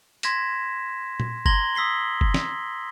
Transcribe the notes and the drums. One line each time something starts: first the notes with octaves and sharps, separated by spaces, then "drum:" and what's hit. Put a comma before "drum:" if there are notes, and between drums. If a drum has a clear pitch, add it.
C6 G#6 A#6 B6 E7, drum: hi-hat
drum: tom A#2
A#5 C6 G#6 A#6 F#7 G7, drum: kick F#1
D#6 E6 B6 C7 G7
drum: kick F#1
drum: snare